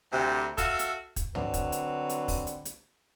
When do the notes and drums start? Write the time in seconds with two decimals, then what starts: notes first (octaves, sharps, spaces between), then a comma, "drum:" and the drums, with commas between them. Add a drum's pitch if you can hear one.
0.13 D2 C3
0.58 F#4 A4 E5 F5, drum: kick, hi-hat
0.79 drum: hi-hat
1.16 drum: kick, hi-hat
1.35 D3 F#3 C4 B4, drum: tom
1.54 drum: kick, hi-hat
1.72 drum: hi-hat
2.09 drum: hi-hat
2.28 drum: kick, open hi-hat
2.47 drum: hi-hat
2.65 drum: hi-hat